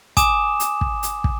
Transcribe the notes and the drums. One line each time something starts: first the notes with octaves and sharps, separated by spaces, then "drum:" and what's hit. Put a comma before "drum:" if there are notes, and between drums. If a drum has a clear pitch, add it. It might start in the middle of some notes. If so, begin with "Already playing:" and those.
G#5 D6 D#6 E7, drum: kick, hi-hat
drum: hi-hat
drum: kick
drum: hi-hat
drum: kick